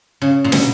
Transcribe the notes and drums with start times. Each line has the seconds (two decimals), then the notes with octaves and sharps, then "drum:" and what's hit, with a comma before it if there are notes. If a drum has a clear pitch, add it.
0.22 C#3
0.44 A#2
0.52 B2, drum: snare